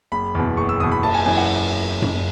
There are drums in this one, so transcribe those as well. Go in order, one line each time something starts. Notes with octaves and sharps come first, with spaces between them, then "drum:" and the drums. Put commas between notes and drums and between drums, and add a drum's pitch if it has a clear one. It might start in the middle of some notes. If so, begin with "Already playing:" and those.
F#1 B5
E2 B2
F#1 C#6
E6
E2 B2 D#6
B5
F#1 A5, drum: cymbal
G#5
F#2 E3 G#5
F#5
drum: tom F#2